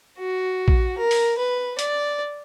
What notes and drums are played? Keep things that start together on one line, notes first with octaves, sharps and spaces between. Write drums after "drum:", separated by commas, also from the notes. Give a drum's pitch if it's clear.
F#4
drum: kick A#1
A#4
drum: open hi-hat
B4
D5, drum: hi-hat